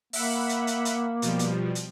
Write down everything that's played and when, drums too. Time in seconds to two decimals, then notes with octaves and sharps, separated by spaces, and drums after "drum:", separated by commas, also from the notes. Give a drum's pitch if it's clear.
0.13 A#3 E5 F#5 B5, drum: open hi-hat
0.49 drum: hi-hat
0.67 drum: hi-hat
0.85 drum: hi-hat
1.22 B2 F3 G3, drum: hi-hat
1.39 drum: hi-hat
1.75 drum: hi-hat